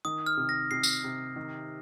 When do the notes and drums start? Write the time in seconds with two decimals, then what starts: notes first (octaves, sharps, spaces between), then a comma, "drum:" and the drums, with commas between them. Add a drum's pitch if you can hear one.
0.05 D#3 D#6
0.26 F6
0.37 C3
0.49 A#6
0.71 C3 C7
0.83 drum: tambourine
1.04 C3
1.36 D#3